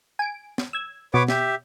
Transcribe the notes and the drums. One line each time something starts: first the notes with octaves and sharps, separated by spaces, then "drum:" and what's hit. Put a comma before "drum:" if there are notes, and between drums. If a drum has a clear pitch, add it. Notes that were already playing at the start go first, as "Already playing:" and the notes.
G#5 D7
drum: snare
E6 G#6
B2 B4 C#5 D6
G4 E5, drum: snare